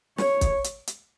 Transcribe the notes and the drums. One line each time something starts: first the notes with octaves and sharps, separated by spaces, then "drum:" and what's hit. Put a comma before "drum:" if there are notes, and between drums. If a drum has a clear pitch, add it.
C#5, drum: snare
drum: kick, hi-hat
drum: hi-hat
drum: hi-hat